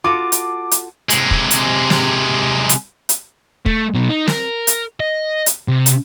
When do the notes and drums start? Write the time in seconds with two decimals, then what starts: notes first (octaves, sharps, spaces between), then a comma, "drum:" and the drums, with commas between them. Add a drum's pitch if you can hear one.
0.04 F4 F#4 A4 D6
0.32 drum: hi-hat
0.71 drum: hi-hat
1.10 C3 G#3, drum: hi-hat
1.31 drum: kick
1.51 drum: hi-hat
1.90 drum: snare
2.69 drum: hi-hat
3.09 drum: hi-hat
3.66 A3, drum: kick
3.94 B2 F#3
4.09 D#4
4.28 A#4, drum: snare
4.67 drum: hi-hat
5.00 D#5
5.46 drum: hi-hat
5.68 C3
5.86 drum: hi-hat